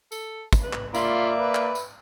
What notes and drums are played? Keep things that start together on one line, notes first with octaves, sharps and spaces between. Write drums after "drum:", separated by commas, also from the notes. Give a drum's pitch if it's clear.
A4, drum: tambourine
drum: kick, tambourine
B4
drum: clap
A#3 F4 D5 E5 B5 C6, drum: tambourine
B4
drum: clap
drum: tambourine